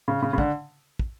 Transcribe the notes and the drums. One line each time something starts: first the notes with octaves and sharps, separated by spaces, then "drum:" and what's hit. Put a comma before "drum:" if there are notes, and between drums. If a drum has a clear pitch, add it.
C#3
C#3
C#3
D3, drum: kick
drum: kick